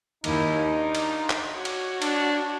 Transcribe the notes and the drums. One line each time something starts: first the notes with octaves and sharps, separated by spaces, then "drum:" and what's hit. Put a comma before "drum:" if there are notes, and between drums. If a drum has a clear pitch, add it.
D#2 D#3 D#4 E4, drum: cymbal
D4 F4
drum: cymbal
drum: clap
F#4 C#5
drum: cymbal
D4, drum: cymbal